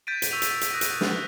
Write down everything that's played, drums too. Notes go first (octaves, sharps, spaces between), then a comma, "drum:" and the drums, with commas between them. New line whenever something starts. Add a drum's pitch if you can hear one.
G6 A6 B6 D7 D#7
drum: hi-hat
C#6 E6 B6 D#7 F7
drum: hi-hat
drum: hi-hat
D#6 F#6 A#6 B6
drum: hi-hat
F6, drum: snare